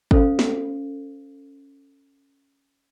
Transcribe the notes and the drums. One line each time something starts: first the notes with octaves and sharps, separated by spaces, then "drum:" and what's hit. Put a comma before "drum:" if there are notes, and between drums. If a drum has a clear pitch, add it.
C#4 A4 C5 F5, drum: kick G1
drum: snare